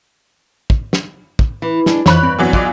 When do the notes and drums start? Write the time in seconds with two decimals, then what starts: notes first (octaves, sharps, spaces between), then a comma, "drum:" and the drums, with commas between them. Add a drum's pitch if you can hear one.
0.70 drum: kick
0.93 drum: snare
1.39 drum: kick
1.62 E3
1.86 G#3 D4, drum: snare
2.06 F2 E3 F4 C5 C#5 B5 F#6, drum: snare
2.23 G2 C4
2.39 E2 E3 F#3
2.53 F4 D5 D#5 F5 C6 D6, drum: kick